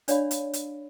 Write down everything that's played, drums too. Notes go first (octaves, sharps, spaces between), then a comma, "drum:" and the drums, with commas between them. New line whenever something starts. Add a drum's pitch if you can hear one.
D4 C#5 D5 F5 B5, drum: hi-hat
drum: hi-hat
drum: hi-hat